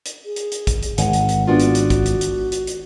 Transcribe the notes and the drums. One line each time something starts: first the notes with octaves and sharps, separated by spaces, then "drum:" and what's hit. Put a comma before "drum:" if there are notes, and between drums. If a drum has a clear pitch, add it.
drum: hi-hat
G#4
drum: hi-hat
drum: hi-hat
drum: kick, hi-hat
drum: hi-hat
G#1 F#5 G#5, drum: hi-hat
drum: hi-hat
drum: hi-hat
B3 D4 F4 F#4
drum: hi-hat
drum: hi-hat
drum: kick, hi-hat
drum: hi-hat
drum: hi-hat
drum: hi-hat
drum: hi-hat